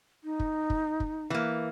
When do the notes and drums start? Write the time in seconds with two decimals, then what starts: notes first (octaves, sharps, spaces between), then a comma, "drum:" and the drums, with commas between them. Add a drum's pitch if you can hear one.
0.24 D#4
0.40 drum: kick
0.70 drum: kick
1.00 drum: kick
1.30 E3 A#3